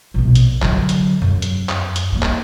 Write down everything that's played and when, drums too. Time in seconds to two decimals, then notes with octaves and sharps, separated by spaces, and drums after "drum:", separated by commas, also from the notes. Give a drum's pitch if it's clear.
0.14 A#1 B2
0.35 drum: hi-hat
0.62 D3 F#3, drum: clap
0.89 drum: hi-hat
1.22 F#2
1.42 drum: hi-hat
1.69 drum: clap
1.96 drum: hi-hat
2.12 G2 A#3
2.23 drum: clap